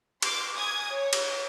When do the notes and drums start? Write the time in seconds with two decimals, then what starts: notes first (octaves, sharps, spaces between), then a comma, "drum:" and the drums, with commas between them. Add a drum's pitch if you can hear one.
0.22 C6 D6, drum: cymbal
0.56 G#5 D#6 G#6
0.90 C#5
1.13 drum: cymbal